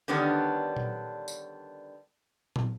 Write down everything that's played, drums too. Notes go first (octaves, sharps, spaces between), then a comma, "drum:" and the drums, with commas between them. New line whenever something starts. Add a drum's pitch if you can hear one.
D3 D#3 G3 B3 C#4 D4
drum: tom A#2
drum: tambourine
drum: tom